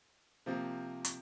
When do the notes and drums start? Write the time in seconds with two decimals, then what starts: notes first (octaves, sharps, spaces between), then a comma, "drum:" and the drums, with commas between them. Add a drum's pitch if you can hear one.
0.46 C3 F3 A#3
1.05 drum: hi-hat